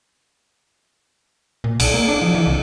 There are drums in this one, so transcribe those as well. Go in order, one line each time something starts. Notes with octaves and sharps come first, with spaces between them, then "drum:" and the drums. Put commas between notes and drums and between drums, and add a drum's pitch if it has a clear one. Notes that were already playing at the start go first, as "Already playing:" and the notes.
A#2
B1, drum: cymbal
A#3
D4
F3
E3
C2